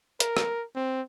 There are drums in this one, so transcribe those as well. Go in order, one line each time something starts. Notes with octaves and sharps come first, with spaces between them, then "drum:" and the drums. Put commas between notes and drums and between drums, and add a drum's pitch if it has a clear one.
A#4, drum: hi-hat
drum: rim click
C4